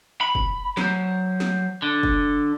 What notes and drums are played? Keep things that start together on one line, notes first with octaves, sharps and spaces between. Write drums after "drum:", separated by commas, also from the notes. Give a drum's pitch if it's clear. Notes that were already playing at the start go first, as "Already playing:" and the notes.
B5
drum: kick
F#3 C5, drum: snare
drum: snare
D3
drum: kick